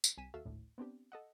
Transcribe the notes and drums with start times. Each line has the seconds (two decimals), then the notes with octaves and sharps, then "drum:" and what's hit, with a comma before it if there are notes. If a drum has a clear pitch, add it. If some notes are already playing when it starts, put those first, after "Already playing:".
0.04 drum: tambourine
0.17 C2 G#5 B6 D#7 E7
0.34 D#2 F#4 A4 E5 F5 E6
0.45 G#1 D2 A2
0.78 B3 C4 D4 G4
1.12 A4 D#5 F#5